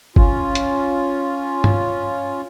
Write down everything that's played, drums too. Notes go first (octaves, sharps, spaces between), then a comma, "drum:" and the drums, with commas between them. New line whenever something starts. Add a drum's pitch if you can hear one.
C#4 F4, drum: kick
drum: hi-hat
drum: tom G2